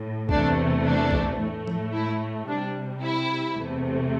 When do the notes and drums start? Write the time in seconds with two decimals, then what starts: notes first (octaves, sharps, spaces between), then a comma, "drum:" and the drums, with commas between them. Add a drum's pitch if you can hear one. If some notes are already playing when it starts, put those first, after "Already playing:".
Already playing: A2
0.29 E2 C3 E3 A3 D4, drum: kick B1
0.85 D4
1.11 drum: kick B1
1.39 A2 A3
1.68 drum: tom F3
1.93 E4
2.47 C3 G3 D4
3.02 E4
3.57 E2 C3 A3